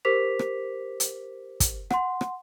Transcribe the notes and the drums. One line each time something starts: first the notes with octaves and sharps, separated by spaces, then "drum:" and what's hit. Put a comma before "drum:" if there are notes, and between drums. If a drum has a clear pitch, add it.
G4 A#4 C5 D6 B6 F7
drum: rim click
drum: hi-hat
drum: kick, hi-hat
F#5 C6, drum: rim click
drum: rim click